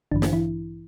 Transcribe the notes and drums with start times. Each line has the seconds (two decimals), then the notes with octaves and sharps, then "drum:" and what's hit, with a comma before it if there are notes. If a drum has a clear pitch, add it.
0.12 A1 G2 D3 E3 D4
0.22 drum: snare
0.33 E3 E4